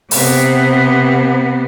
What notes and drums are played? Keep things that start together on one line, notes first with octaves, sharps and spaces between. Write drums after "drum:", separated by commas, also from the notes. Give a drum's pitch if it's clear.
C3 B3, drum: open hi-hat